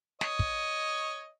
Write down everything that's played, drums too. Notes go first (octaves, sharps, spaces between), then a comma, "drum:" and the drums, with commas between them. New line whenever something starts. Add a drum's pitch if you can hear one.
C#5 D#5, drum: snare
drum: kick